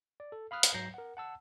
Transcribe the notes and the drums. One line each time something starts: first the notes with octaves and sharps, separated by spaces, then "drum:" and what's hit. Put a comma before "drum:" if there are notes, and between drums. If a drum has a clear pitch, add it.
D5
A4
F5 B5 D#6 F6 F#6
drum: hi-hat
G#2 F#3 A#5 G6 A#6 C7
A#4 F#5
F#5 A5 E6